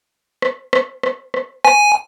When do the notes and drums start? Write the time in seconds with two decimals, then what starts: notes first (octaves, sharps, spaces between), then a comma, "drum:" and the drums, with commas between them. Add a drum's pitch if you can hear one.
0.42 drum: rim click
0.73 drum: rim click
1.03 drum: rim click
1.34 drum: rim click
1.64 G#5, drum: rim click